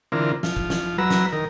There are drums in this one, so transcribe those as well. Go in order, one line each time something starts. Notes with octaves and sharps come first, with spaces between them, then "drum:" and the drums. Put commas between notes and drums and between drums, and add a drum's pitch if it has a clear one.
D3 E3 C4 F4 A#4
F3, drum: snare
drum: kick
drum: snare
F#3 B4 A#5 E6
drum: snare
D#3 A#4